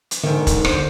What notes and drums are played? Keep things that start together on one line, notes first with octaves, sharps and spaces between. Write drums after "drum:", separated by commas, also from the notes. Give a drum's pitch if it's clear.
drum: hi-hat
G#2 D3 D#3
drum: kick, hi-hat
C5, drum: rim click